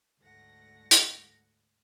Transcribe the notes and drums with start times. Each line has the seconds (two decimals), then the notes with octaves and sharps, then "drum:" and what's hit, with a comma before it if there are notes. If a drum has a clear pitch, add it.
0.21 D2 G#2 A3 F#5 A#6
0.91 drum: hi-hat